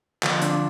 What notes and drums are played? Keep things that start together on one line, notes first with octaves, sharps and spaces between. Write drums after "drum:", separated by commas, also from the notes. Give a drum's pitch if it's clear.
D3 F3, drum: clap
D4, drum: hi-hat